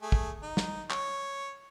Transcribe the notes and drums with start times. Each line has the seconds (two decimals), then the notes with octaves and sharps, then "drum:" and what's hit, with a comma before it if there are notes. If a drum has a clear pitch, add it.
0.02 A3 G#4
0.12 drum: kick
0.43 D#4
0.57 drum: snare
0.90 C#5, drum: clap